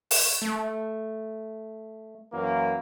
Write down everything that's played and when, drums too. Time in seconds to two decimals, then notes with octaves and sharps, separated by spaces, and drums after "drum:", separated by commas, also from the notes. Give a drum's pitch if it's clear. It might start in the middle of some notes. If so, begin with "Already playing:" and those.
0.11 drum: open hi-hat
0.42 A3
2.32 F#2 E3 A#3